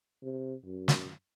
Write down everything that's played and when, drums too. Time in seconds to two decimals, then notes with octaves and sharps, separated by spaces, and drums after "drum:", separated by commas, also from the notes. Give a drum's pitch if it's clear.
0.23 C3
0.66 F#2
0.88 drum: snare